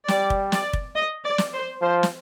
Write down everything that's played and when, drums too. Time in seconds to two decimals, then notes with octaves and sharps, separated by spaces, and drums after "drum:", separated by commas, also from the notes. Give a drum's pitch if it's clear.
0.08 G3 D5, drum: snare
0.30 drum: kick
0.52 D5, drum: snare
0.73 drum: kick
0.95 D#5
1.24 D5
1.38 drum: snare
1.53 C5
1.81 F3 C5
2.03 drum: snare